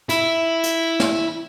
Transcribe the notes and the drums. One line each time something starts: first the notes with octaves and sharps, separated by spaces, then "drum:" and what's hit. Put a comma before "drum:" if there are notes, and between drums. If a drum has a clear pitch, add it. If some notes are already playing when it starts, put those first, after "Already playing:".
E4, drum: hi-hat
drum: hi-hat
drum: snare